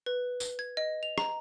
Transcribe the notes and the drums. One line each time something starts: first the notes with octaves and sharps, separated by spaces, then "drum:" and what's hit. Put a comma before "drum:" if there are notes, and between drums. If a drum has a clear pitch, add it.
B4
drum: tambourine
G#6
D#5
F7
A#5, drum: rim click